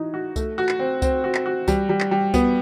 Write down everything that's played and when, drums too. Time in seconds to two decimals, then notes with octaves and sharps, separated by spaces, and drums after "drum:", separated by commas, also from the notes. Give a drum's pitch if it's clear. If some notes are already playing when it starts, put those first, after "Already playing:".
Already playing: E3 D#4 F#4
0.14 F#4
0.36 A3, drum: kick C2, tambourine
0.58 F#4
0.69 drum: clap
0.79 C4
1.02 C4, drum: kick C2, tambourine
1.24 F#4
1.35 drum: clap
1.46 F#4
1.68 G3, drum: kick C2, tambourine
1.89 G3
2.01 drum: clap
2.11 G3
2.34 B3, drum: kick C2, tambourine